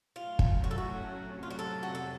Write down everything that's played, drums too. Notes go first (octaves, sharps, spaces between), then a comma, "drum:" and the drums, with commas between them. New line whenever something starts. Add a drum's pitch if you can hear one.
A2 F#3 A3 C#4 F4
drum: kick
F#4
A4
F#4
F2 C3 F#3
F4
F#4
A4
F#4
A4